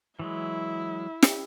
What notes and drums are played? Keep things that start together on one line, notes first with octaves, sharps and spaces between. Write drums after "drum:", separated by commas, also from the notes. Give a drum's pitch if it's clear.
E3 F#3 G#3 E4
drum: snare